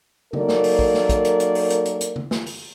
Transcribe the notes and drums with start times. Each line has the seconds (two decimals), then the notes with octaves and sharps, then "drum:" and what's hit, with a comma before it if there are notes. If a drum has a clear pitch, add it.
0.33 F#3 A#3 D#4 A4 A#4 D5, drum: tom C#3
0.48 drum: snare
0.64 drum: open hi-hat
0.79 drum: kick
0.94 drum: snare
1.09 drum: kick, hi-hat
1.25 drum: hi-hat
1.40 drum: hi-hat
1.55 drum: open hi-hat
1.70 drum: hi-hat
1.85 drum: hi-hat
2.01 drum: hi-hat
2.16 drum: tom C#3
2.31 drum: snare
2.46 drum: open hi-hat